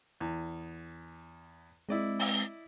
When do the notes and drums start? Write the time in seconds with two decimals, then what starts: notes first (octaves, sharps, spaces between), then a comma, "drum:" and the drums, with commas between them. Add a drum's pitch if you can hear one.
0.20 E2
1.89 G#3 C4 E4 D5 D#5
2.20 drum: open hi-hat